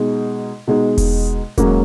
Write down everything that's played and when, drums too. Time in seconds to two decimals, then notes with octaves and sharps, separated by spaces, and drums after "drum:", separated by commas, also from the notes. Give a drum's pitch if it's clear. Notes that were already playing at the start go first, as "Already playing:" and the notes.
Already playing: B2 G#3 D#4
0.67 B2 G#3 D#4
0.98 drum: kick E1, open hi-hat
1.58 G#2 F#3 A#3 C#4, drum: kick E1, hi-hat